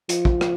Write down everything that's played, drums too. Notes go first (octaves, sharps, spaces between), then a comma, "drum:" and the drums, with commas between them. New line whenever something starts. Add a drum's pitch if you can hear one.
F3, drum: hi-hat
drum: kick
drum: rim click